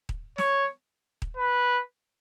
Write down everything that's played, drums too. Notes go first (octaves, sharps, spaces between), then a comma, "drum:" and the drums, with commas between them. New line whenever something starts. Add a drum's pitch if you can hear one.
drum: kick D#1
C#5, drum: snare
drum: kick D#1
B4